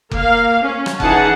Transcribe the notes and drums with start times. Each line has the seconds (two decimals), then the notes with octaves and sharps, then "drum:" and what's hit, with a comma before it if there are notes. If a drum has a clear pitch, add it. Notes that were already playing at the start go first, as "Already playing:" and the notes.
0.12 A#3 F5, drum: kick F#1
0.63 C#4
0.86 drum: rim click
1.00 E3 D#4 G#4 F#5 A5, drum: kick F#1